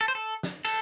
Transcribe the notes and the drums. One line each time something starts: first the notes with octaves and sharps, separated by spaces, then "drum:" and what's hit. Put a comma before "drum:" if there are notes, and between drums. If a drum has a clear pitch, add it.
A4
C5
A4
drum: snare
A4, drum: cymbal